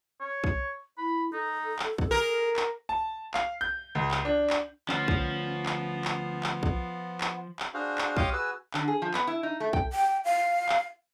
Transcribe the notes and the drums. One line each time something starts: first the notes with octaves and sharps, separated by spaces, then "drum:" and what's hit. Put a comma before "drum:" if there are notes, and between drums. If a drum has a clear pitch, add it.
C#5
drum: kick B1
E4 B5
D#4 A4
drum: clap
drum: kick B1
G#4 A#4
drum: clap
A5
F5, drum: clap
G6
C#2
drum: clap
D4
drum: clap
D2 F3 B3 C#4, drum: clap
drum: kick B1
drum: clap
drum: clap
drum: clap
drum: kick B1
drum: clap
drum: clap
D4 F#4 G#4 C5 F5
drum: clap
G4 C#5 D#5 F5 C6 D6, drum: kick B1
F#4 G#4 B4 G#5 E6
D3, drum: clap
G#4
F3
B3, drum: clap
E4
D#4
A3
G5, drum: kick B1
G5
F5
drum: clap